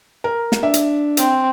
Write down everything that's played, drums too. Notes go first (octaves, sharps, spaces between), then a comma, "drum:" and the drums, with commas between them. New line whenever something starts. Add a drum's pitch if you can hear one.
A#4
drum: snare
D4 E5
drum: hi-hat
C4, drum: hi-hat